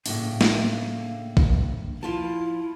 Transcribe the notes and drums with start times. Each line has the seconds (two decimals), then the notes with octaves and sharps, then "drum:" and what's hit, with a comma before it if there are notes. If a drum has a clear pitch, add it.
0.06 A2 C#3 A#3 D4, drum: open hi-hat
0.41 drum: snare
1.37 drum: kick A#1
2.03 F3 E4 F4 A5